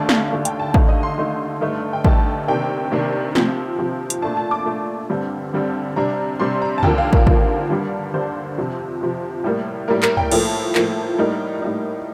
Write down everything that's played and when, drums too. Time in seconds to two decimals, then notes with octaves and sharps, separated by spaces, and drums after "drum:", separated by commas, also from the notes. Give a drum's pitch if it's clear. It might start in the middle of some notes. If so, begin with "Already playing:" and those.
Already playing: D#2 D3 A3 D4 A5
0.09 F5, drum: snare
0.31 D#2 D3 A3 D4
0.45 G5, drum: hi-hat
0.60 A5
0.74 D#2 D3 A3 D#4 F5, drum: kick
0.88 D#5
1.03 C6
1.17 D#2 D3 A3 D#4
1.61 G2 D3 A3 D#4
1.93 G5
2.04 G2 D3 A3 D#4 A5, drum: kick
2.48 C3 D#3 A#3 D4 G5
2.92 C3 D#3 A#3 D4
3.35 C3 F3 C4, drum: snare
3.78 C3 F3 C4
4.10 drum: hi-hat
4.22 A#2 A3 D4 A5
4.37 A5
4.51 D6
4.65 A#2 A3 D4
5.09 G2 D3 G3 C4
5.53 G2 D3 G3 C4
5.96 C3 G3 D4 A#5
6.40 C3 G3 D4 C6
6.62 A#5
6.78 A5
6.83 D#2 D3 F3 A#3 G5, drum: tom
6.98 F5
7.13 A#4, drum: kick
7.27 D#2 D3 F3 A#3, drum: kick
7.70 G2 D3 G3 D4
8.14 G2 D3 G3 D4 C5
8.58 F2 C3 F3
9.01 F2 C3 F3
9.44 A2 G3 A#3
9.88 A2 G3 A#3 A#4
10.03 A#4, drum: clap
10.17 G5, drum: tom
10.31 A2 F3 A#3 A4, drum: cymbal
10.75 A2 F3 A#3, drum: clap
11.18 A2 G3 A#3 D#4 A#4
11.62 A2 G3 A#3 D#4